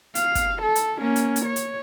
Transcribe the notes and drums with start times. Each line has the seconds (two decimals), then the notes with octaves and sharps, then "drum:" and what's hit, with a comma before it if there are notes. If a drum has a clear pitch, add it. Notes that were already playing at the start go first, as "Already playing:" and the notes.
0.15 F5, drum: hi-hat
0.35 drum: kick, hi-hat
0.62 A4
0.75 drum: hi-hat
0.99 A#3 C#4
1.16 drum: hi-hat
1.36 drum: hi-hat
1.46 C#5
1.56 drum: hi-hat